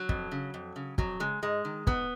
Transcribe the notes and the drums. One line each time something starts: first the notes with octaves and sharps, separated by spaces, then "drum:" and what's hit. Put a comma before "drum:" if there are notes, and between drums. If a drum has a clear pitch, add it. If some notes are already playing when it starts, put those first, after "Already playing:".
Already playing: F#3
F2, drum: kick
C#3
F2
C#3
F2 F#3, drum: kick
C#3 G#3
G#2 G#3
D#3
G#2 B3, drum: kick